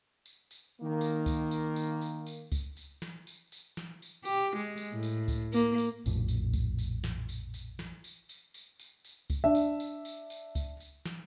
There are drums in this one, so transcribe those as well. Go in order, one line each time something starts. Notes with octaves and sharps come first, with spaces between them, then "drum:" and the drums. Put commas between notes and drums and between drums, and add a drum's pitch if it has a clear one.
drum: tambourine
drum: tambourine
D#3 A#3
drum: tambourine
drum: kick C#2, tambourine
drum: tambourine
drum: tambourine
drum: tambourine
drum: tambourine
drum: kick C#2, tambourine
drum: tambourine
drum: snare
drum: tambourine
drum: tambourine
drum: snare
drum: tambourine
G4, drum: tambourine
G#3
drum: tambourine
A2
drum: tambourine
drum: kick C#2, tambourine
A#3, drum: tambourine
drum: tambourine
A#1 F2 A2 F3, drum: tambourine
drum: tambourine
drum: kick C#2, tambourine
drum: tambourine
drum: snare
drum: tambourine
drum: tambourine
drum: snare
drum: tambourine
drum: tambourine
drum: tambourine
drum: tambourine
drum: tambourine
drum: kick C#2, tambourine
D4 E5
drum: tambourine
drum: tambourine
drum: tambourine
drum: tambourine
drum: kick C#2, tambourine
drum: tambourine
drum: snare